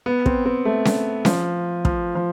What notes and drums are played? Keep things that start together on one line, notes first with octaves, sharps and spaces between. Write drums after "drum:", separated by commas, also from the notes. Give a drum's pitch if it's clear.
B3
C4, drum: kick
C4
A3
drum: snare C#4
F3, drum: snare C#4
F3, drum: kick
F3